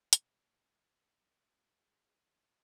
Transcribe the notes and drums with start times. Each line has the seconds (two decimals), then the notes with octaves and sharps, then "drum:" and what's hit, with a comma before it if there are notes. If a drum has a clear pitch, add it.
0.13 B2 A3, drum: hi-hat
1.74 G#4